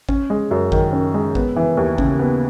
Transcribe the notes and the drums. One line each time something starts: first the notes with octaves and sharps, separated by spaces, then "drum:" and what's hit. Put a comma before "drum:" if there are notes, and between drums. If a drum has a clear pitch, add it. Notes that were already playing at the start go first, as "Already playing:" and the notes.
C#4, drum: kick G#1
G#3
F#2
D#3, drum: kick G#1
C#4
G#3
B3, drum: kick G#1
E3
D#2
C#3, drum: kick G#1
B3